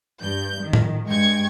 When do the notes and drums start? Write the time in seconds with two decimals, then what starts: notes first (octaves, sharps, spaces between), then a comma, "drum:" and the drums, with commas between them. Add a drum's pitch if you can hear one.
0.20 G2 G6
0.63 D#3
0.73 drum: tom A2
1.07 G2 G#3 G5 C#6 G#6 C#7